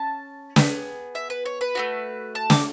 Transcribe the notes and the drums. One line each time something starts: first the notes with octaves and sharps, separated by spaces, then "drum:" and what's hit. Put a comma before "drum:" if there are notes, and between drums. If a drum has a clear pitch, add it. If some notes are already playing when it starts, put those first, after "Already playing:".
Already playing: C#4 A5
B3 D4 G#4, drum: snare
E5
B4
C#5
B4
A3 D4 F#4
A5
D6, drum: snare